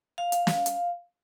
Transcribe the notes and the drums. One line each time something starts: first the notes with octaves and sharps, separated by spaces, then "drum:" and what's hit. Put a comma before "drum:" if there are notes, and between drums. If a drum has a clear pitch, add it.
F5
drum: hi-hat
drum: snare
drum: hi-hat